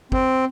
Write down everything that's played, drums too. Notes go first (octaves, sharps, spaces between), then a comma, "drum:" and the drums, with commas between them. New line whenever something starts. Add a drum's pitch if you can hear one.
C4, drum: kick G1